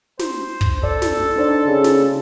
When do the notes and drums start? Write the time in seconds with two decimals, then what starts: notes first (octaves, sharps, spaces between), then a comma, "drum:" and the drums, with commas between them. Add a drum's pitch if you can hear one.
0.19 C5, drum: snare
0.61 drum: kick
0.84 A4 D5
1.02 drum: snare
1.36 D4 D#4 C5 D5
1.66 C#3
1.84 drum: snare